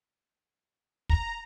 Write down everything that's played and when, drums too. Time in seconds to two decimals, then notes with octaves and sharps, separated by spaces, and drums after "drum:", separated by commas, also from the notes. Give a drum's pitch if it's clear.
1.09 A#5, drum: kick